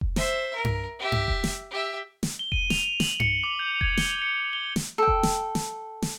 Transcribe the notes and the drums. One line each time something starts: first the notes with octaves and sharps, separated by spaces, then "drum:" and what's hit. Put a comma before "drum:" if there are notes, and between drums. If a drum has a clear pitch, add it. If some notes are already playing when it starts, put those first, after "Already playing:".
drum: kick F1
C5 E5, drum: snare
A#4
drum: tom G2
G4 E5
drum: tom G2
drum: kick F1
drum: snare
G4 E5
drum: snare
G7
D#7, drum: kick F1
F7, drum: snare
F#7, drum: snare
C#7, drum: tom G2
D6
G6
G#6, drum: kick F1
G7, drum: snare
C#7
G7
drum: snare
A4 G5
drum: kick F1
drum: snare
drum: snare
drum: snare